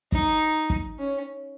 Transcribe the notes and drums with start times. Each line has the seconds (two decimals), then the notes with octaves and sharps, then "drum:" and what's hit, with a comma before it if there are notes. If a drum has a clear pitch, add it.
0.12 D#4, drum: kick
0.70 drum: kick
0.99 C#4